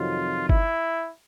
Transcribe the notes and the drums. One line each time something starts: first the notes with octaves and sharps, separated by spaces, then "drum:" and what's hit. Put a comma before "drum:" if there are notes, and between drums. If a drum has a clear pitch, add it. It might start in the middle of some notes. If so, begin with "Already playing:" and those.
Already playing: F2 C3 D#3 F#3 F4
E4, drum: kick G1